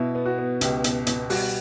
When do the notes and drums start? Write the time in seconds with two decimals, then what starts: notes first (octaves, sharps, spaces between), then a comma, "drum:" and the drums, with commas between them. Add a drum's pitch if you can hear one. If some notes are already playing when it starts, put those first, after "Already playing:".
Already playing: B2 E4
0.15 B3
0.26 F#4
0.38 B3
0.61 C#2 G4, drum: hi-hat
0.84 B2, drum: hi-hat
1.07 B2, drum: hi-hat
1.30 G3 F#4, drum: open hi-hat